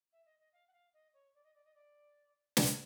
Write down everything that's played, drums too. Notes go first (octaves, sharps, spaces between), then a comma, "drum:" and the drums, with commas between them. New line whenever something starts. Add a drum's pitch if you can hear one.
E5
D#5
D#5
F5
F#5
F5
D#5
C#5
D5
D#5
D5
D#5
D5
drum: snare